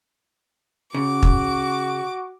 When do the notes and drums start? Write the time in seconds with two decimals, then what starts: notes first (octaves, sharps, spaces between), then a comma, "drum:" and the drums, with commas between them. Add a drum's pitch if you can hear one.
0.94 C#3 F#4 D6
1.23 drum: kick